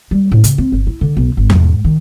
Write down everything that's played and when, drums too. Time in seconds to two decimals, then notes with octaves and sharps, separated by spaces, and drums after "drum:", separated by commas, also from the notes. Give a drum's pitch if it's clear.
0.11 G3
0.32 A2
0.44 C#3, drum: hi-hat
0.58 C4
0.72 G1
0.87 E4
1.01 D3
1.17 B1
1.37 G#1
1.50 G#2, drum: tom E2
1.85 D#3